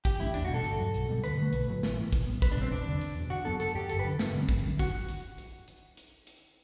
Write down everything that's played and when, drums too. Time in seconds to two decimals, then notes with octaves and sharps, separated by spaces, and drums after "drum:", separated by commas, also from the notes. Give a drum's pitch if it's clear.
0.05 F#2 G4, drum: kick, hi-hat
0.20 E3 A3 D4 E4
0.34 E2 D4, drum: hi-hat
0.45 F#4
0.49 B2 G3
0.54 A4
0.64 G1, drum: hi-hat
0.78 G2 F#3
0.94 B1, drum: hi-hat
1.09 B2 G3
1.24 D2 B4, drum: hi-hat
1.38 D3 A3
1.53 B1, drum: hi-hat
1.68 A2 F#3
1.83 A1, drum: snare
1.97 A2 E3
2.13 B1, drum: kick, hi-hat
2.27 A2 G3 B3
2.42 C2 B4, drum: kick, hi-hat
2.51 D4
2.57 C3 E3 G3 C4
2.72 E1 D4
2.86 E2 D3
3.01 F#1, drum: hi-hat
3.16 E2 B2
3.30 F#1 F#4, drum: hi-hat
3.45 F#2 F#3 B3 A4
3.60 F#1 A4, drum: hi-hat
3.75 F#2 F#3 G4
3.89 G1 A4, drum: hi-hat
3.99 B4
4.04 F#2 D3
4.19 G2, drum: snare
4.34 D3 G3 C4
4.49 G1, drum: kick
4.63 F#2 D3
4.79 F#4, drum: kick, hi-hat
5.08 drum: hi-hat
5.38 drum: hi-hat
5.68 drum: hi-hat
5.97 drum: hi-hat
6.27 drum: hi-hat